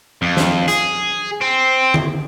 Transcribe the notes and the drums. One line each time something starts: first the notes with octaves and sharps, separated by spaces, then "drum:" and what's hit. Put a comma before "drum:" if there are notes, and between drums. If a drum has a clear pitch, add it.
F2
drum: snare
G#4, drum: hi-hat
C4
drum: tom D3